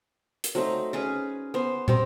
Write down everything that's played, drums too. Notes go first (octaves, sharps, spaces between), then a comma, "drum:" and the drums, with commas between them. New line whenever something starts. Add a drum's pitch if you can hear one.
drum: hi-hat
F#3 A3 C4 D#4
C#4 G#4 B4
B3 C5
C4 G4 A#4, drum: tom